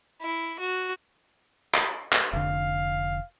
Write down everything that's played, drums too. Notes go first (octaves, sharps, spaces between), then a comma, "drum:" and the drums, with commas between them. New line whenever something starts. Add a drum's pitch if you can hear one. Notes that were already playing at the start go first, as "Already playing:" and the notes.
E4
F#4
drum: clap
drum: clap
F1 D3 F5